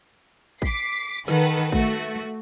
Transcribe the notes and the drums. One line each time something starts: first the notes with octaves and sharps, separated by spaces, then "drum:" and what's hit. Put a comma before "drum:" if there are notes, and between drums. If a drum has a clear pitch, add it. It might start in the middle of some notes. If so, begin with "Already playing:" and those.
D6 B6 C7, drum: kick
D#3 A4 B4 F#5, drum: snare
A3 F#4, drum: kick